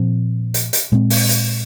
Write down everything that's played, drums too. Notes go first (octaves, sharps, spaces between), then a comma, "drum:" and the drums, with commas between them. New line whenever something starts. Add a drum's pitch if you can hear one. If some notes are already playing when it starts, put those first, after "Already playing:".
Already playing: A#2 F3 C4
drum: hi-hat
drum: hi-hat
A#2 G#3 C4
drum: open hi-hat
drum: hi-hat